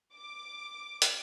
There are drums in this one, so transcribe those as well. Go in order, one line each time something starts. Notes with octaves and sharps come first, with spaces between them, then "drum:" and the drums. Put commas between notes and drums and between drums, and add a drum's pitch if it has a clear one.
D6
drum: hi-hat